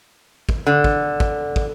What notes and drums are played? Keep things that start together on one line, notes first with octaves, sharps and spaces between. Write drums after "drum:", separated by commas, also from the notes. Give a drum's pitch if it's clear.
drum: kick
D3
drum: kick
drum: kick
drum: kick